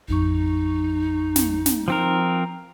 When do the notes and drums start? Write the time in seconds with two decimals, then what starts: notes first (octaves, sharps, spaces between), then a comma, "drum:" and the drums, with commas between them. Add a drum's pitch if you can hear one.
0.08 A1 F2 D#4 C#6
1.36 drum: snare
1.66 drum: snare
1.88 F3 C4 A#4